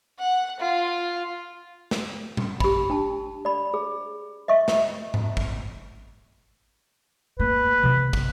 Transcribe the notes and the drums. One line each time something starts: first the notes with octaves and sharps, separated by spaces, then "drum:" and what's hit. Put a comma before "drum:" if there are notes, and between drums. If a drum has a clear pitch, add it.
F#5
F4
drum: snare
drum: tom A#2
G4 B5, drum: kick
D4 A5
D5 B5
G#4
D#5 E5 C#6
drum: snare
drum: tom G#2
drum: kick
A#3 B4
C3 D#3
drum: kick